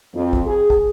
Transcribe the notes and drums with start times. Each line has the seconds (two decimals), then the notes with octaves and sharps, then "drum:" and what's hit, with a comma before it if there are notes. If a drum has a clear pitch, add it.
0.14 F2
0.33 drum: kick
0.46 G#4
0.70 drum: kick